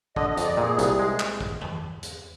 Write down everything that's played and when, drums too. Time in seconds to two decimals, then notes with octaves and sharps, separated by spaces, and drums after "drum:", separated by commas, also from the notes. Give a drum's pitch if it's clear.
0.16 D3 D#5, drum: kick
0.30 D#5
0.37 F2, drum: hi-hat
0.44 D5
0.57 A#2 G#4
0.79 C2, drum: hi-hat
0.99 G#3 G#4
1.20 drum: clap
1.41 drum: kick
1.61 drum: tom E2
2.03 drum: hi-hat